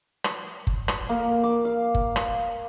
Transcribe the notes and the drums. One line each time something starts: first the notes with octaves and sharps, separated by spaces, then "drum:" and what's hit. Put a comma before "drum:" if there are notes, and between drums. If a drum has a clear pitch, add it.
drum: rim click
drum: kick F#1
drum: rim click
A#3
D6
F5
drum: kick F#1
drum: rim click